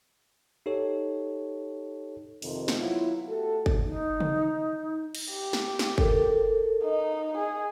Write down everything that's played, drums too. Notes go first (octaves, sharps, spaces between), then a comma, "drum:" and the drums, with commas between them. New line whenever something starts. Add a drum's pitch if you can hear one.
D#4 G4 A4 C#5
F2 C3 D#3, drum: open hi-hat
drum: snare
F#3 B3 E4 F4
A3 F#4 G4 A4
drum: kick
D#4
drum: tom
drum: cymbal
G4
drum: snare
drum: snare
A4 A#4, drum: kick
D#4 D#5
G#4